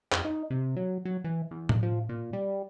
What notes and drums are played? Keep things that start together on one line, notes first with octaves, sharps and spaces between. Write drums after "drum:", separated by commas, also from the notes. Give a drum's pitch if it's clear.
F2, drum: clap
D#4
C3
F#3
F#3
E3
E2
drum: tom A2
F3
A#2
G3